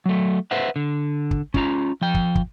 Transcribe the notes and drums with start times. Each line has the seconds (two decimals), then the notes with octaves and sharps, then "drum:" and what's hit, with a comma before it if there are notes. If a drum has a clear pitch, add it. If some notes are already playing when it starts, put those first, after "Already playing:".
0.06 F#3 A3
0.51 B4 C5 E5 F#5
0.76 D3
1.31 drum: kick
1.54 C#4 F4 A#5, drum: kick
2.01 F3 G5
2.14 drum: kick
2.35 drum: kick